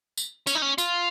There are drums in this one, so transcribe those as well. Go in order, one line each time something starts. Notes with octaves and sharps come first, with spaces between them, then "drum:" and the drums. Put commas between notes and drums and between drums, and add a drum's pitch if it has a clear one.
drum: tambourine
C#4, drum: tambourine
D#4
C#4
F4, drum: tambourine